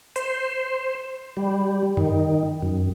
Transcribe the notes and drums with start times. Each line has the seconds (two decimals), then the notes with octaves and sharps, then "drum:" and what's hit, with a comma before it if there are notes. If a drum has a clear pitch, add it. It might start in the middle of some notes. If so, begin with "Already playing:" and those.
0.16 C5, drum: hi-hat
1.37 G3
1.97 D#3, drum: tom F#2
2.62 F#2